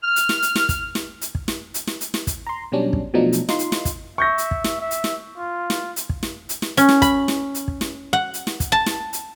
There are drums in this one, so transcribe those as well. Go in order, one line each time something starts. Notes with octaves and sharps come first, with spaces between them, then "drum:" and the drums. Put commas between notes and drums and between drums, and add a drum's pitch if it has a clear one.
F6
drum: hi-hat
drum: snare
drum: hi-hat
drum: snare
drum: kick, hi-hat
drum: snare
drum: hi-hat
drum: kick
drum: snare
drum: hi-hat
drum: snare
drum: hi-hat
drum: snare
drum: kick, hi-hat
A#5 C6
B2 F#3 G3 C#4 D4
drum: kick
B2 F3 F#3 A3 D4 D#4
drum: hi-hat
D#4 F4 C6, drum: snare
drum: hi-hat
drum: snare
drum: kick, hi-hat
E5 C#6 G6 A#6
drum: hi-hat
drum: kick
drum: snare
E5
drum: hi-hat
drum: snare
F4
drum: snare
drum: hi-hat
drum: kick
drum: snare
drum: hi-hat
drum: snare
C#4, drum: hi-hat
drum: snare
B5, drum: kick, hi-hat
drum: snare
drum: hi-hat
drum: kick
drum: snare
F#5
drum: hi-hat
drum: snare
drum: kick, hi-hat
A5
drum: snare
drum: hi-hat